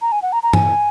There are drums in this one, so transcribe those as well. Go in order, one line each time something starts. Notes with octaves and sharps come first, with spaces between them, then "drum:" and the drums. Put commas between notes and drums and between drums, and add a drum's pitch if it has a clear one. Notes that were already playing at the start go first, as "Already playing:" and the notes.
A#5
G#5
F#5
A#5
A#5
G#5, drum: tom